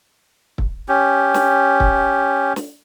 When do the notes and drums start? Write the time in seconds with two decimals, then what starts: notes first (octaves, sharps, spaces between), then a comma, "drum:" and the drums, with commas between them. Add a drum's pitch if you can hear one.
0.58 drum: kick
0.89 C#4 G4
1.34 drum: snare
1.80 drum: kick
2.56 drum: snare